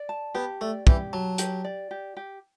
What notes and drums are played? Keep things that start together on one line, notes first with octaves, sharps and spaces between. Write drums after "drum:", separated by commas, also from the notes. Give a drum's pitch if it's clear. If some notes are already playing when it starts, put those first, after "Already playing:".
Already playing: D5
A5
B3 G4
A3 D5
E3 G4, drum: kick
F#3 A5
G4, drum: hi-hat
D5
G4
G4